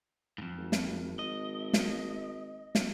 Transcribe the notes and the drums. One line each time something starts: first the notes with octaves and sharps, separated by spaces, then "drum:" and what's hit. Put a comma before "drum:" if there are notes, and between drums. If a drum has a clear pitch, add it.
F2 G#2
G#1
drum: snare
D#5
drum: snare
drum: snare